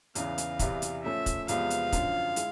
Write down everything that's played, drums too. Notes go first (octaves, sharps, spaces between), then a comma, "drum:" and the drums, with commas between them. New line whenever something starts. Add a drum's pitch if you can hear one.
E2 C#3 E3 F5, drum: hi-hat
drum: hi-hat
E2 C3 E3, drum: kick, hi-hat
drum: hi-hat
F3 A3 C#4 E5
drum: kick, hi-hat
E2 C3 F3 G#3 B3 F5, drum: hi-hat
drum: hi-hat
F#2 D3 F3, drum: kick, hi-hat
G#3 E4, drum: hi-hat